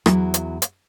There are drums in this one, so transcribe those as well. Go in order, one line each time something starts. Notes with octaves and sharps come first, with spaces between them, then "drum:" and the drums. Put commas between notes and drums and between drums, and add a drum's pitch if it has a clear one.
E2 F#3 E4, drum: rim click
drum: hi-hat
drum: hi-hat